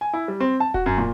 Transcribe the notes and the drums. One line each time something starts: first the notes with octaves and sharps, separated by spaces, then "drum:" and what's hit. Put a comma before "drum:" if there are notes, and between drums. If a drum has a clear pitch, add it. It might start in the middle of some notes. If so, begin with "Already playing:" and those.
G#5
E4
G3
C4
A5
F#4, drum: kick D#1
F#2
A#2